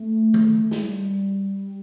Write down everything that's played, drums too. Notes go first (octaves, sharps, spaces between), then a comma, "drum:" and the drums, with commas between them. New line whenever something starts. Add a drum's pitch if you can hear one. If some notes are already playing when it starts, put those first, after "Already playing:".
Already playing: A3
drum: tom D#3
G#3, drum: snare
G3